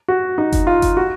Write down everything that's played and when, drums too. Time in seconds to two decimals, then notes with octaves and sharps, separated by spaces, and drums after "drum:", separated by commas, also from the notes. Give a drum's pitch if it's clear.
0.08 F#4
0.38 D#4
0.52 drum: kick F#1, hi-hat
0.67 F4
0.82 drum: kick F#1, hi-hat
0.97 F#4